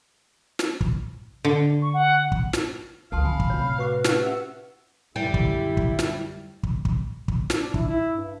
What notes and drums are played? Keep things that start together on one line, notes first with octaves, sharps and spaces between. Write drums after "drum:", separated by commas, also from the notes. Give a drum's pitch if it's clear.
drum: snare
drum: kick
D3
C#6
F#5
drum: kick
drum: snare
D2 F#3 A4 F5 A5 C6
E3 G#5 B5
drum: kick
A2 C3 C#5
F#4 B4 C#6 D6
C#4 G4 B4 F5, drum: snare
E5 F#5
F#2 D3 G3 E4
drum: kick
drum: kick
drum: snare
drum: kick
drum: kick
drum: kick
drum: snare
D4
E4, drum: kick
E4
G2